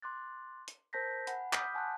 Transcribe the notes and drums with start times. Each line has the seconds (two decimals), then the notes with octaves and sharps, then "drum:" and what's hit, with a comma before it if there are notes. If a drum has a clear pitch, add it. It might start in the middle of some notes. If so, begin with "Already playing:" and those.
0.02 C6 D6 F#6 A6
0.68 drum: hi-hat
0.93 A#4 C5 A5 G6 A#6 B6
1.27 F#5 G#5 B5, drum: hi-hat
1.53 B5 D6 D#6 F6 G6 B6, drum: clap
1.74 F#5 G#5 A5 C6 F#6